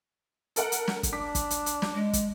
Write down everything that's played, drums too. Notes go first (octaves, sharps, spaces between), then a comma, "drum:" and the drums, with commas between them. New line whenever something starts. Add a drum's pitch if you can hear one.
A4 A#4 F#5, drum: hi-hat
drum: hi-hat
drum: snare
drum: kick, hi-hat
D4 D6 B6
drum: kick, hi-hat
drum: hi-hat
drum: hi-hat
drum: snare
G#3
drum: kick, hi-hat